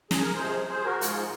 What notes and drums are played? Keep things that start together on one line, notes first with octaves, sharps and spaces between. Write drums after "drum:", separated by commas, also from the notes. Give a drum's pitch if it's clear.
G#4, drum: snare
A#4
C3 F3 G#3 G#4 C5
G#4 C5
F#4 A#4
G#2 F3 G#3 F4 G#4, drum: hi-hat